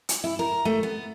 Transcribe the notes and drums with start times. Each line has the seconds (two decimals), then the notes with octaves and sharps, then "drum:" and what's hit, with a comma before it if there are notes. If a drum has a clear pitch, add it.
0.09 drum: hi-hat
0.24 E4
0.39 A#4
0.65 A3
0.83 B3